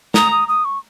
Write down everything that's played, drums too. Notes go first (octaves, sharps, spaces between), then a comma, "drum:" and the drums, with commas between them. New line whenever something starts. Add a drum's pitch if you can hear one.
A#5 D#6, drum: snare
D#6
D#6
C#6